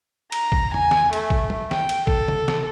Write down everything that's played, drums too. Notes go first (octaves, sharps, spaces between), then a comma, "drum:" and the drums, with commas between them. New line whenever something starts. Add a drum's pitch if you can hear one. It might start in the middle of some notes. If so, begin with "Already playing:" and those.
A#5, drum: cymbal
drum: kick
G#5, drum: tom E2
drum: snare
A3, drum: cymbal
drum: kick
drum: tom F#3
G5, drum: snare
drum: cymbal
A4, drum: kick
drum: tom
drum: snare